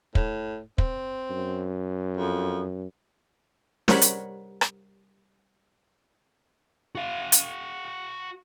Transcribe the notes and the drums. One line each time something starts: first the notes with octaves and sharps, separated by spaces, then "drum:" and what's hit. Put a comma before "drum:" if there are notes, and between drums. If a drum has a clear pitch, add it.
A2, drum: kick
C4, drum: kick
F#2
F2
G3 A#4 C5 C#5 F#5 B5, drum: snare
drum: hi-hat
drum: rim click
F#4 F5
drum: hi-hat